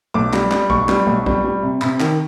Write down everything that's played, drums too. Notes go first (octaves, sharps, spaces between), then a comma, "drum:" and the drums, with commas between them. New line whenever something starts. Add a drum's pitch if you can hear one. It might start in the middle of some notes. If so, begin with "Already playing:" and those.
B1 D6
G3, drum: clap
G3, drum: clap
B1 C#6, drum: kick A1
G3, drum: clap
B1
G3, drum: kick A1
G3
C3
C3 B5, drum: clap
D#3, drum: clap